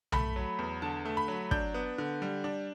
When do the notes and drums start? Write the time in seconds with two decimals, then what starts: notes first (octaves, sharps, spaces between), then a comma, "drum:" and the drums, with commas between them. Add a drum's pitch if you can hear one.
0.12 A3 B5, drum: tom B1
0.36 F#3
0.59 E2
0.82 D3 A5
1.06 A3
1.17 B5
1.28 F#3
1.51 D4 G6, drum: kick
1.74 B3
1.98 D3
2.22 G3
2.44 D4